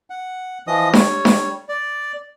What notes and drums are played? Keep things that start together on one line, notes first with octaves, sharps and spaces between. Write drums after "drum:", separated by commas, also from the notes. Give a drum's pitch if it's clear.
F#5
E3 F3 D#5 D#6
G3 C#5, drum: snare D4
drum: snare D4
D5